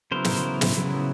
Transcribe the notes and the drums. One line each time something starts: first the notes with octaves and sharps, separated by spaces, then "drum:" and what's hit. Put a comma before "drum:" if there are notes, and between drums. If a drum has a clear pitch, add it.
C#3 F#3 B3 E4 A#4 C5
drum: snare
drum: snare
C#3 F#3 B3 E4